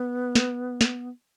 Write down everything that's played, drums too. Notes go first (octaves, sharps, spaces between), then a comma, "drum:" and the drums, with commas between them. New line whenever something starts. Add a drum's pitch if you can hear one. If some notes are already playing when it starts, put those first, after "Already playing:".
Already playing: B3
drum: snare
drum: snare